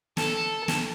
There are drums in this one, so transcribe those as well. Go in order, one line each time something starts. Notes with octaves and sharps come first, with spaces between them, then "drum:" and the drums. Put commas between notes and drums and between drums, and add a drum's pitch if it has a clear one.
A4, drum: snare
drum: snare